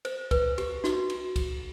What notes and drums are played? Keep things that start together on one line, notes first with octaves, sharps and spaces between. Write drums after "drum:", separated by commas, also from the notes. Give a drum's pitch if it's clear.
C5, drum: cymbal
B4, drum: kick C2, cymbal
G4, drum: cymbal
F#4, drum: snare
drum: cymbal
drum: kick C2, cymbal